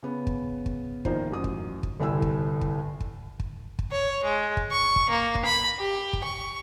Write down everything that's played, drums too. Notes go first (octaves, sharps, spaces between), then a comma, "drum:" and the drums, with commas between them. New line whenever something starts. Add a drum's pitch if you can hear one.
C#3 B3
drum: kick
drum: kick
A#1 D#3 D#4 F4 C5, drum: kick
A1 F#2 D#6
drum: kick
drum: kick
G1 C2 E4 G#5 E6
drum: kick
drum: kick
drum: kick
drum: kick
drum: kick
C#5
G#3
drum: kick
C#6
drum: kick
A#3
drum: kick
B5
G4
drum: kick
C#6